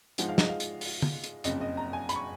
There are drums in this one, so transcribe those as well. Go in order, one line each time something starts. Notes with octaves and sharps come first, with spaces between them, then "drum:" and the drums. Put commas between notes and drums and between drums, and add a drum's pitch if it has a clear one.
G#2 F3 G#3 D#4 F#5, drum: hi-hat
F5
D#5, drum: snare
F5
drum: hi-hat
drum: open hi-hat
drum: tom
drum: hi-hat
F#1 F2 C#3 D#5, drum: hi-hat
D#5
A#5
G#5
B5, drum: hi-hat
C#6